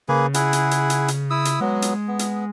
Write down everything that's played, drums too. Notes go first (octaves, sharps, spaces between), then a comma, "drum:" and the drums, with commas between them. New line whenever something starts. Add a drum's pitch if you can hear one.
C#3 A#3 G#4 B4
E4 G#4 F#5, drum: hi-hat
drum: hi-hat
drum: hi-hat
drum: hi-hat
drum: hi-hat
E4 D#6 E6
drum: hi-hat
F#3 G#3 B3
drum: hi-hat
B3
drum: hi-hat